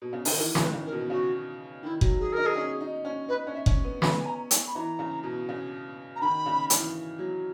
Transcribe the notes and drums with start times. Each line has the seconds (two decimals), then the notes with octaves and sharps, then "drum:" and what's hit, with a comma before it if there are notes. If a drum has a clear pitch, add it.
0.02 B2
0.13 C#3
0.25 D#3, drum: open hi-hat
0.37 E3 A#4
0.55 D#3, drum: snare
0.62 B4
0.73 C#3
0.86 A#4
0.92 B2
1.10 C#3 F#4
1.83 D#3 E4
2.01 F#3, drum: kick F#1
2.20 G#4
2.33 D#4 A#4
2.46 G#4
2.56 C#4
2.81 D#4
3.05 C#4
3.28 D#4 B4
3.47 C#4
3.53 E5
3.66 C#4, drum: kick F#1
3.84 B3
4.02 B3 B5, drum: snare
4.20 G#5
4.26 A#5
4.51 G#5, drum: hi-hat
4.67 B5
4.75 E3 A#5
4.99 C#3
5.23 B2
5.49 C#3
6.16 A#5
6.21 D#3 B5
6.46 C#3
6.70 E3, drum: hi-hat
7.19 F#3